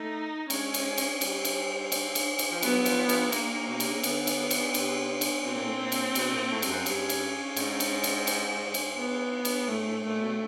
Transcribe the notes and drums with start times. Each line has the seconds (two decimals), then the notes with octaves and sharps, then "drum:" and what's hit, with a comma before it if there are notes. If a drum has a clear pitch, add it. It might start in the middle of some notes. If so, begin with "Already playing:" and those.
Already playing: A3 D#4
0.50 G#3 C#4, drum: cymbal
0.74 drum: cymbal
0.98 drum: cymbal
1.21 G3, drum: cymbal
1.45 drum: cymbal
1.92 drum: cymbal
2.15 drum: cymbal
2.39 drum: cymbal
2.51 F3
2.63 F#3 B3, drum: cymbal
2.86 F3, drum: cymbal
3.09 F3, drum: cymbal
3.32 A#3, drum: cymbal
3.69 B2
3.80 C3, drum: cymbal
3.92 C#3
4.03 D3 B3, drum: cymbal
4.27 drum: cymbal
4.51 drum: cymbal
4.74 C3, drum: cymbal
5.21 drum: cymbal
5.45 B2 C4
5.55 A#2
5.64 A2
5.74 A#2
5.92 drum: cymbal
6.15 B2, drum: cymbal
6.33 A#2
6.51 A2
6.62 G2, drum: cymbal
6.69 F#2
6.86 G2 C#4, drum: cymbal
7.09 drum: cymbal
7.57 G#2, drum: cymbal
7.80 drum: cymbal
8.04 drum: cymbal
8.27 drum: cymbal
8.74 drum: cymbal
8.97 B3
9.45 drum: cymbal
9.68 A2 A3
9.86 A2
10.04 A#2 A3
10.21 B2